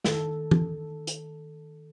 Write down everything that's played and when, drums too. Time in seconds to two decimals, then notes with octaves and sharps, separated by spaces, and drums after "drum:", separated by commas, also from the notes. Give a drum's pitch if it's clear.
0.05 D#3 A4, drum: snare
0.51 drum: tom E3
1.07 drum: hi-hat